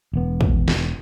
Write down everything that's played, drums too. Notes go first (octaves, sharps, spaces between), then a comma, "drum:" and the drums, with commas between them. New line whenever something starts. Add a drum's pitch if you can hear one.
E1 B3
drum: kick
drum: snare